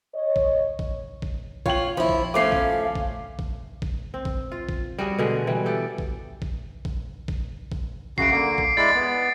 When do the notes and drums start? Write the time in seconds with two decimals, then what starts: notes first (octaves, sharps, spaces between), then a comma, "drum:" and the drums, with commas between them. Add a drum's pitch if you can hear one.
0.15 C#5 D#5
0.36 drum: kick A#1
0.79 drum: kick A#1
1.22 drum: kick A#1
1.66 F4 C#5 G5 F#7, drum: kick A#1
1.97 F3 E4
2.09 drum: kick A#1
2.34 F3 A3 C#4 F5 D6 C7
2.52 drum: kick A#1
2.95 drum: kick A#1
3.39 drum: kick A#1
3.82 drum: kick A#1
4.14 C4
4.25 drum: kick A#1
4.52 F4
4.69 drum: kick A#1
4.98 G3 F#4 G#4
5.19 B2 D3 G#3
5.47 E3 G3
5.66 B3 G4 A4
5.98 drum: kick A#1
6.42 drum: kick A#1
6.85 drum: kick A#1
7.28 drum: kick A#1
7.72 drum: kick A#1
8.18 F#2 C#3 F#4 C7 D7, drum: kick A#1
8.31 D3 A#3
8.58 drum: kick A#1
8.77 G#3 E4 D5 A6
8.95 B3